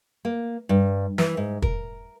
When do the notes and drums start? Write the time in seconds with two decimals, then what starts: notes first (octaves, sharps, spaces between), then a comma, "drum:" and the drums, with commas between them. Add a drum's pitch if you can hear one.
0.25 A#3
0.69 G2
1.18 E3, drum: snare
1.37 G#2
1.62 A#4, drum: kick